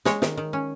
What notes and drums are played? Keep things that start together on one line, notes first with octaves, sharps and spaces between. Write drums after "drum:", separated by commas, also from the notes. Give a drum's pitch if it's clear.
G#3 C#5, drum: snare
D#3, drum: snare
D#3
C#4